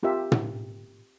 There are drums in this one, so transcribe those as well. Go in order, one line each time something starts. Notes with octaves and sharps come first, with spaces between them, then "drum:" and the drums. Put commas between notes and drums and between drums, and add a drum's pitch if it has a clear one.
C4 F4 G4 A#4 E5
drum: tom